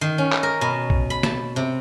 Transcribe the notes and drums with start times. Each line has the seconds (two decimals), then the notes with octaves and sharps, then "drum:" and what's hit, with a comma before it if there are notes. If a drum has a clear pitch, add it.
0.01 D#3
0.18 C#4
0.33 drum: clap
0.43 A#4
0.61 B2
0.90 drum: kick
1.10 B5
1.23 A5, drum: snare
1.56 C3